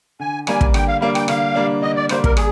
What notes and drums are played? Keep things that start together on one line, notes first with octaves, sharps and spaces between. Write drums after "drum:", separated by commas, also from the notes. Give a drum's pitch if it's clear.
D3 G#5
G3 A#3 D4 G#5, drum: rim click
drum: kick
D3 G5, drum: rim click
F5
G3 A#3 D4 F5
G5, drum: rim click
D3 F5, drum: rim click
G3 A#3 D4
D3 D#5
D5
G3 A#3 D4 C5, drum: rim click
A#4, drum: kick
G#4, drum: rim click